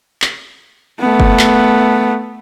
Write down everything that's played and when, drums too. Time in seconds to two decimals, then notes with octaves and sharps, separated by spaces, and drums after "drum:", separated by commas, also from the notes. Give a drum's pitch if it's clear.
0.22 drum: clap
1.00 A3 B3
1.20 drum: kick F#1
1.39 drum: clap